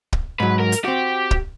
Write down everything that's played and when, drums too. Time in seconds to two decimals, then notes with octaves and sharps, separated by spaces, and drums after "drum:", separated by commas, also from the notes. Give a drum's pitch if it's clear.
0.13 drum: kick
0.40 G#2 F#3 B4
0.60 A#4
0.72 drum: hi-hat
0.85 C4 F#4 G4
1.31 drum: kick